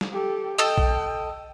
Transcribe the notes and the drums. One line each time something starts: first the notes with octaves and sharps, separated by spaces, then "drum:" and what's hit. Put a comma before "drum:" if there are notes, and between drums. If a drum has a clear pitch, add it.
drum: snare
G4 A4
A4 D#5 G5
drum: kick A#1